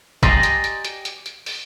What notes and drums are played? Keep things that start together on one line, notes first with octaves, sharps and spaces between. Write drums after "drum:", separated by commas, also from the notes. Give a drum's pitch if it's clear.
G4 D5 D#5 G#5 A#5 C6, drum: kick, hi-hat
drum: hi-hat
drum: hi-hat
drum: hi-hat
drum: hi-hat
drum: hi-hat
drum: open hi-hat